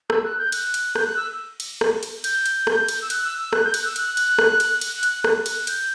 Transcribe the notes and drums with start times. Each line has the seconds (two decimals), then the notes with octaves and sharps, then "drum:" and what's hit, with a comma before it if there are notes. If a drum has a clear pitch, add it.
0.10 E6, drum: rim click
0.24 F#6
0.38 G6
0.52 F#6, drum: cymbal
0.74 drum: cymbal
0.95 G6, drum: rim click
1.06 F#6
1.17 E6
1.60 drum: cymbal
1.81 drum: rim click
2.03 drum: cymbal
2.24 G6, drum: cymbal
2.46 drum: cymbal
2.67 drum: rim click
2.88 drum: cymbal
3.02 E6
3.10 F#6, drum: cymbal
3.25 E6
3.39 E6
3.53 F#6, drum: rim click
3.64 G6
3.74 F#6, drum: cymbal
3.85 E6
3.96 F#6, drum: cymbal
4.17 drum: cymbal
4.39 drum: rim click
4.60 drum: cymbal
4.81 drum: cymbal
5.03 drum: cymbal
5.24 F#6, drum: rim click
5.46 drum: cymbal
5.67 G6, drum: cymbal